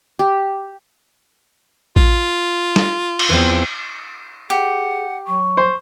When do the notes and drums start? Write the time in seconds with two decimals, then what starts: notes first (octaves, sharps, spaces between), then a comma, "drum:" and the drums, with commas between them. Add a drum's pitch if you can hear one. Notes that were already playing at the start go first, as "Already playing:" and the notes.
0.19 G4
1.96 F4, drum: kick A1
2.76 drum: snare
3.19 drum: cymbal
3.29 E2 E3 F3 C4
4.50 G4 G#4 F#5
5.27 F#3 C#6
5.57 C5